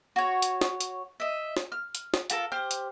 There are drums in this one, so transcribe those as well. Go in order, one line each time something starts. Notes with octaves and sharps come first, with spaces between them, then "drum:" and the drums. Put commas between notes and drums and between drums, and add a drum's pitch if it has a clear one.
F#4 C#5
drum: hi-hat
drum: snare
drum: hi-hat
D#5 E5
drum: snare
F6
drum: hi-hat
drum: snare
F4 G4 A4 A#4, drum: hi-hat
G4 C5 F6
drum: hi-hat